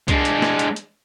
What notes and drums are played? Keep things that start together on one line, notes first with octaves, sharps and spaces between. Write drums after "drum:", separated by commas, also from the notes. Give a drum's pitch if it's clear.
G#3 D4, drum: kick C2, hi-hat
drum: hi-hat
drum: snare
drum: hi-hat
drum: hi-hat